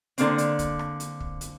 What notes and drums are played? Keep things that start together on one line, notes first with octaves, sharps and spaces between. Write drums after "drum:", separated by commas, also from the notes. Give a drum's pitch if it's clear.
D3 A#3 C4, drum: hi-hat
drum: hi-hat
drum: kick, hi-hat
drum: rim click
drum: hi-hat
drum: kick
drum: hi-hat